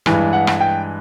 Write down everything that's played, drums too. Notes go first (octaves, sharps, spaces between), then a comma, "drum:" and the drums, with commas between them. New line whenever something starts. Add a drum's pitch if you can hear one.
G2 E3 G#3, drum: rim click
F#5
drum: rim click
G5